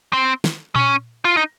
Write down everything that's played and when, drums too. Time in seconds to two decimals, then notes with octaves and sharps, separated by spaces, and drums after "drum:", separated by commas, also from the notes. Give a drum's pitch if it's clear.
0.13 C4
0.44 drum: snare
0.76 C#4, drum: tom A#2
1.25 F4
1.37 D#4